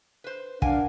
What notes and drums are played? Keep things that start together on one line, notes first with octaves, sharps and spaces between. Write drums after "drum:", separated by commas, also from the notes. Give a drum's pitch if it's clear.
B4 C5
D4 A#4 F5 F#5 G#5, drum: kick